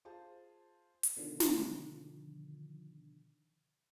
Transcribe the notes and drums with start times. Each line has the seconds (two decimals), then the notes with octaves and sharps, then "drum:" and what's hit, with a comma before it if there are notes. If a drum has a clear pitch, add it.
0.05 F4 G#4 C5 A5
1.03 drum: hi-hat
1.17 B2 D3 D#3 F3
1.40 drum: snare